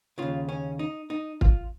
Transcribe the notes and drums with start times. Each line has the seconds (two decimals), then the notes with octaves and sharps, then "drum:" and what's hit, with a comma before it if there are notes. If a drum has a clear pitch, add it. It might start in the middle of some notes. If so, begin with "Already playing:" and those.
0.18 D#2 C#3 F4
0.49 C#4
0.79 D#4
1.10 D#4
1.41 F4, drum: kick